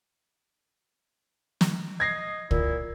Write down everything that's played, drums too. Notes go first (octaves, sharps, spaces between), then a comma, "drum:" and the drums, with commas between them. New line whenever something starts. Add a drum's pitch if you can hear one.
drum: snare
D#5 G#6 A#6 C7
A#2 E4, drum: kick